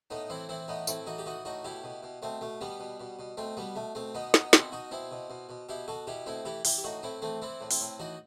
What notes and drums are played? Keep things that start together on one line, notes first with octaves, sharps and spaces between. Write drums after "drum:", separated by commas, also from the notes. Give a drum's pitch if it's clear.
A2 B3 D#4
E3 C4 E4
E3 C4 E4
A2 B3 D#4
A2 C4 E4, drum: tambourine
E3 D#4 F#4
G4
E3 D#4 F#4
A2 D#4 F#4
B2 E4 G4
B2
B2
B2 A3 C4
B2 A3
B2 G3 B3
B2
B2
B2
B2 A3 C4
B2 G3 B3
B2 A3
B2 A3 C4
B2 B3 D#4
B2 B3 D#4, drum: snare
B2 C4 E4, drum: snare
B2 D#4 F#4
B2 C4 E4
B2
B2
B2
B2 E4 G4
B2 F#4 A4
B2 E4 G4
A2 C4 E4
E3 E4 G4
E3 E4 G4, drum: open hi-hat
G4
A2 D#4 F#4
A2 C4 E4
E3 A3 C4
E3 C4 E4
A2
C4 E4, drum: open hi-hat
A2
E3 D#4 F#4